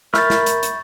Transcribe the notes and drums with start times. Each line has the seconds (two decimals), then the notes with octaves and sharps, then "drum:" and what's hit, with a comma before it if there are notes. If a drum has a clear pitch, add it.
0.14 A#4 E5 B5 C#6 F6 G6 A6, drum: snare
0.30 drum: snare
0.46 drum: hi-hat
0.63 drum: hi-hat